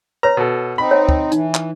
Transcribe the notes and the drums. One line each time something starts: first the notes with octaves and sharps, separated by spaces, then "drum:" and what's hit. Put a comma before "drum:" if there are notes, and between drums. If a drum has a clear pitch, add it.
B4 C#5 A#5
B2 A4
C4 D#4 B5
C#5 F#5 G5
drum: kick
E3 D#4, drum: hi-hat
drum: clap